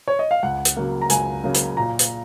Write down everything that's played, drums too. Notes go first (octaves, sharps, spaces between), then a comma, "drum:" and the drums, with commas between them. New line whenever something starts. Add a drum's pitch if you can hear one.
C#5
D#5
F5
C#2 F#5
drum: hi-hat
C#3 F#3 A#3
A#5
C#2 G#5, drum: hi-hat
C#3 F#3 A#3
drum: hi-hat
A#2 A#5
drum: hi-hat